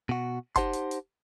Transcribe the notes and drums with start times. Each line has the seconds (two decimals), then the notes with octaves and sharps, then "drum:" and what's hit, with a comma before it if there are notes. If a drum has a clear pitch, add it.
0.09 B2 F#4
0.56 D#4 G4 C5 F#5 A5 C6, drum: kick F#1, hi-hat
0.74 drum: hi-hat
0.91 drum: hi-hat